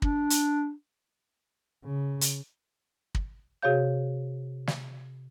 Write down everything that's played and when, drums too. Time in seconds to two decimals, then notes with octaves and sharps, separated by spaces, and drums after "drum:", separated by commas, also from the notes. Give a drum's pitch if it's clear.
0.02 D4, drum: kick
0.30 drum: hi-hat
1.85 C#3
2.21 drum: hi-hat
3.15 drum: kick
3.62 C3 F#4 G#4 C#5 F5 G6
4.67 drum: snare